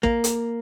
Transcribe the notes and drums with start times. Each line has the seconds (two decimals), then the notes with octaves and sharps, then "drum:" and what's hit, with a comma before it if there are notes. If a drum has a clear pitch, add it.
0.03 A#3, drum: kick
0.24 drum: hi-hat